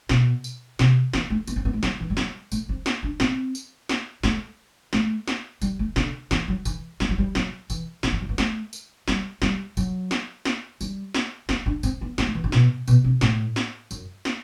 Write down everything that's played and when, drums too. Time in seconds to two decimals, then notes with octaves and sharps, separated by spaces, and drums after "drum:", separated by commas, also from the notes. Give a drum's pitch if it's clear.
0.09 B2, drum: snare
0.44 drum: tambourine
0.79 C3, drum: snare
1.13 E3, drum: snare
1.30 A3
1.47 B3, drum: tambourine
1.56 C4
1.65 B3
1.73 A3
1.83 F#3, drum: snare
2.00 E3
2.10 G3
2.17 F#3, drum: snare
2.52 A3, drum: tambourine
2.69 C4
2.86 drum: snare
3.03 D4
3.20 C4, drum: snare
3.55 drum: tambourine
3.89 drum: snare
4.23 A3, drum: snare
4.93 A3, drum: snare
5.28 drum: snare
5.61 G3, drum: tambourine
5.79 A3
5.96 D3, drum: snare
6.31 E3, drum: snare
6.48 F#3
6.65 E3, drum: tambourine
7.00 G3, drum: snare
7.09 F#3
7.18 G3
7.35 F#3, drum: snare
7.70 E3, drum: tambourine
8.03 D3, drum: snare
8.12 E3
8.21 F#3
8.29 B3
8.38 A3, drum: snare
8.73 drum: tambourine
9.08 G3, drum: snare
9.42 G3, drum: snare
9.77 F#3, drum: tambourine
10.11 drum: snare
10.45 drum: snare
10.81 G3, drum: tambourine
11.14 drum: snare
11.49 B3, drum: snare
11.66 D4
11.83 C4, drum: tambourine
12.01 B3
12.18 B3, drum: snare
12.27 A3
12.35 E3
12.44 D3
12.52 B2, drum: snare
12.87 B2, drum: tambourine
13.04 C3
13.21 A2, drum: snare
13.56 drum: snare
13.91 F#2, drum: tambourine
14.25 drum: snare